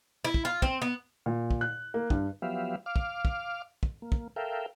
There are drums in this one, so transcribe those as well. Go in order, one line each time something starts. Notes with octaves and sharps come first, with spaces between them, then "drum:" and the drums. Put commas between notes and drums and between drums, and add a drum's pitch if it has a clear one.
E4
drum: kick
F4
C4, drum: kick
B3
A#2
drum: kick
F#6
A#3
G2, drum: kick
F3 F#3 B3 G4 E5 F5
F5 D6 F6
drum: kick
drum: kick
drum: kick
A#3
drum: kick
A4 A#4 E5 F5 G5